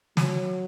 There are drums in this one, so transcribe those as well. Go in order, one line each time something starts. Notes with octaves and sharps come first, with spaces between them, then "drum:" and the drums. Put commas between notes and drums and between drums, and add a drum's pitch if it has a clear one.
F#3, drum: snare